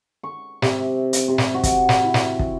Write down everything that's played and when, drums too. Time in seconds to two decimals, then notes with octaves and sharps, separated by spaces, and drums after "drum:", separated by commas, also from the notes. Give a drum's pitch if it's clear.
0.23 C#6
0.62 C3, drum: snare
1.13 drum: hi-hat
1.28 C3
1.38 drum: snare
1.54 F#4
1.63 drum: kick, hi-hat
1.89 drum: snare
2.03 E4
2.14 drum: snare
2.39 drum: kick